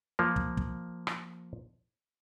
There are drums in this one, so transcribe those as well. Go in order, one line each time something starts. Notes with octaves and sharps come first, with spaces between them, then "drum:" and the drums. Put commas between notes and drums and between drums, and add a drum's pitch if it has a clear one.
F3 A#3
drum: kick
drum: kick
drum: rim click